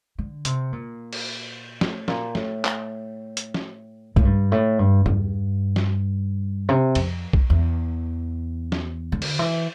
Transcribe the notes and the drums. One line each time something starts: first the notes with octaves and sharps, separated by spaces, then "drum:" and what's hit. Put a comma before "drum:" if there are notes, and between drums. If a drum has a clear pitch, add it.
D3
C3, drum: hi-hat
A#2
drum: cymbal
A2, drum: snare
A#2, drum: snare
A2, drum: snare
drum: clap
drum: hi-hat
drum: snare
A2, drum: kick B1
G2
A2
G2
G2, drum: tom E2
drum: snare
C3
F2, drum: cymbal
drum: kick B1
E2
drum: snare
D3
drum: cymbal
E3